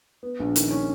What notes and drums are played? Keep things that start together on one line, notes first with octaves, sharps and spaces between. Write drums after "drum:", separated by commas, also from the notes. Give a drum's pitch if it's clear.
B3
A#1
D#3, drum: hi-hat
C#4